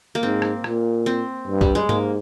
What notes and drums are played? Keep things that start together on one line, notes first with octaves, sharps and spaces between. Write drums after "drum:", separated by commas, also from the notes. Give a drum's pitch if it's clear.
A#3
G#2 C4
drum: rim click
A#2, drum: rim click
C4
G2
G3, drum: kick B1
G#3
G#2 A#3, drum: tom G#2